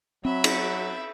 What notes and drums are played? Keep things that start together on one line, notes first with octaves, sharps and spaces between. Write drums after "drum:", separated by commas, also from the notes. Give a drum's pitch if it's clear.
F#3 C4 E5 B5
drum: cymbal